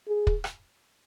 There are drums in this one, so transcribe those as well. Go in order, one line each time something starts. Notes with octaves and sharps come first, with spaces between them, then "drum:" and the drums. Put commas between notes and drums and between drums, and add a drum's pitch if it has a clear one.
G#4
drum: kick
drum: rim click